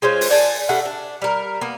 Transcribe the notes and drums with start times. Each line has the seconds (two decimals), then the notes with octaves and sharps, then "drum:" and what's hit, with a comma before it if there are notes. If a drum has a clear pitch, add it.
0.02 G#3 C#4 F4 C5
0.21 drum: open hi-hat
0.30 D5 G#5 A5
0.69 G3 A3 D4 F#5
0.85 D4
1.22 G3 A#4
1.61 A#3 B3